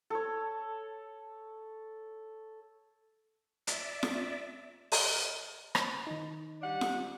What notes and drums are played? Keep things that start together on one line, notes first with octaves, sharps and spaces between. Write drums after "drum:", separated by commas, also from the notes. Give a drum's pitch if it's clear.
A4 C#5
D5 E5, drum: hi-hat
drum: snare F4
drum: open hi-hat
drum: rim click
D#3 D#4
G3 D4 F#5
drum: snare F4